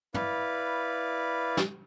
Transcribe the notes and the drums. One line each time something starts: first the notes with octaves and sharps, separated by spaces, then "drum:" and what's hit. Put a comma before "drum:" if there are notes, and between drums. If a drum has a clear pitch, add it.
E4 B4 D5 F5, drum: tom
drum: snare